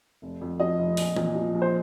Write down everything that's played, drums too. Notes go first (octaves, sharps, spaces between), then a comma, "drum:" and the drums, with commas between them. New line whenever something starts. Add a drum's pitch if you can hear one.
F1
F2
F3 D#5
F1
A#1, drum: open hi-hat
A#2, drum: tom E3
F3
A#1
C5